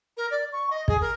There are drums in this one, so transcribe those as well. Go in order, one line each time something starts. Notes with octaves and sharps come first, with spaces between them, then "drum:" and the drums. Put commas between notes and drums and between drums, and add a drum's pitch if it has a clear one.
A#4
D5
C#6
D#5
G#4, drum: kick
A#4